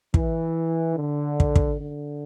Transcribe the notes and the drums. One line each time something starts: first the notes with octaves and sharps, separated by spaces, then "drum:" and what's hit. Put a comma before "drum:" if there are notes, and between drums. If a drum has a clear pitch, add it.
E3, drum: kick
D3
drum: kick
drum: kick
D3